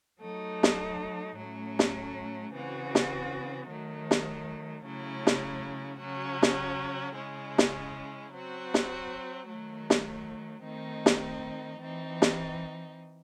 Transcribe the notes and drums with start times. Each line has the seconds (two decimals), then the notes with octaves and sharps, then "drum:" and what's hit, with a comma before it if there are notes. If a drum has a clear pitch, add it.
0.20 F#3 A3 D#4
0.63 drum: snare
1.36 A2 F#3 A3 C#4
1.79 drum: snare
2.51 C#3 E3 C4 F#4
2.95 drum: snare
3.67 D#3 F#3 A3
4.11 drum: snare
4.83 C#3 F#3 A3 C#4 E4
5.27 drum: snare
5.99 C#3 F#3 C#4 F#4
6.43 drum: snare
7.15 C#3 G#3 C#4 E4
7.58 drum: snare
8.31 F#3 C4 F#4
8.74 drum: snare
9.47 D#3 F#3 A3
9.90 drum: snare
10.62 D#3 A3 C4 D#4
11.06 drum: snare
11.78 E3 C4 D#4
12.22 drum: snare